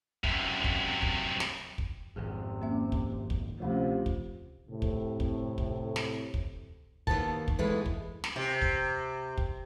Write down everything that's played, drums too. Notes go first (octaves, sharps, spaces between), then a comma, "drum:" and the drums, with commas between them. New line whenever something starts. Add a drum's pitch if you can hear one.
F#2 C3, drum: kick
drum: kick
drum: kick
drum: snare
drum: kick
G#1 F2 C3 G#4
A#3 C#4 E5
drum: kick
drum: kick
D2 C3 F3 A3 C#4 F4
drum: kick
A2 C3
drum: kick
drum: kick
drum: kick
drum: snare
drum: kick
D#2 G#2 D#3 B3 A5, drum: kick
drum: kick
D#2 E3 G#3 A3 B3 B4
drum: kick
drum: snare
C3
drum: kick
drum: kick